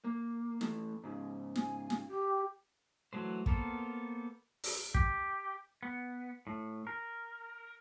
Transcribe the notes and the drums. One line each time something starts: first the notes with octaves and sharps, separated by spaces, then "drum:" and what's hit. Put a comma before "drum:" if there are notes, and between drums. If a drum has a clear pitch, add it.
A#3
E3 A3, drum: snare
G#2 C#3
G#5, drum: snare
drum: snare
G4
E3 F#3 A3 C5
A#3 B3 A4 A#4 C5, drum: kick
drum: open hi-hat
G4, drum: kick
B3
A2
A#4